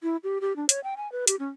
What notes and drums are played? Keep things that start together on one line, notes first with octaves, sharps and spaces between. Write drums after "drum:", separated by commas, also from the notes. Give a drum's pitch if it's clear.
E4
G4
G4
D4
C#5, drum: hi-hat
G5
G#5
B4
G4, drum: hi-hat
C#4